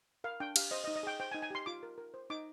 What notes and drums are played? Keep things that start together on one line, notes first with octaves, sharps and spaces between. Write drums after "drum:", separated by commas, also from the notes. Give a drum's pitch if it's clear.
A#4 F5
D4 G5
G4 F5, drum: cymbal
C5 D#5
D#5
D#4
D#5
G#4 G5
C5 G5
G#5
D#4
G#5
G4 C6
F4 D6
A#4
A#4
C5
D#4 D6